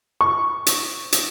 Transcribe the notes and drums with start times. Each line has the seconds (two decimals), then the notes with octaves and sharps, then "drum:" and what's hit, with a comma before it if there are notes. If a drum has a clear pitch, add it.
0.21 C#6
0.66 drum: hi-hat
1.12 drum: hi-hat